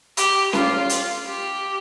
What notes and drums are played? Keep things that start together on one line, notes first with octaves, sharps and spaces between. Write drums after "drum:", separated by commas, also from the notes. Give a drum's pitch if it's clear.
G4, drum: hi-hat
F4, drum: snare C#4
drum: hi-hat
G4